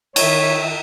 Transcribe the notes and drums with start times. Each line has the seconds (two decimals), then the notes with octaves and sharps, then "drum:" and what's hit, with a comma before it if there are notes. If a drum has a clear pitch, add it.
0.16 D#3 C#5 E5, drum: cymbal